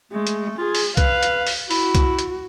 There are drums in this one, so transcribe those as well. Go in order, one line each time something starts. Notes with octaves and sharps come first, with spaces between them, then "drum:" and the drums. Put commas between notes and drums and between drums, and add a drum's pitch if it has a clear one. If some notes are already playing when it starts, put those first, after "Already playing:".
G#3 A3
drum: hi-hat
F4 G#4
drum: open hi-hat
B4 F5, drum: kick C2, hi-hat
drum: hi-hat
drum: open hi-hat
E4 F#4, drum: open hi-hat
drum: kick C2, hi-hat
drum: hi-hat